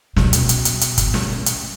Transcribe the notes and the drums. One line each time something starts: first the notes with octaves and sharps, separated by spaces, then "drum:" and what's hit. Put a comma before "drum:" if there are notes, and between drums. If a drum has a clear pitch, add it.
B2, drum: snare
drum: hi-hat
drum: hi-hat
drum: hi-hat
drum: hi-hat
drum: kick, hi-hat
drum: snare
drum: hi-hat